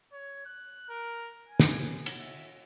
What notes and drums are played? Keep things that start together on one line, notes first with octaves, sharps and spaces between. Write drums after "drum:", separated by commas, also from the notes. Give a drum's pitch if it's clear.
C#5
F#6
A#4
G#5
drum: snare
drum: cymbal
E5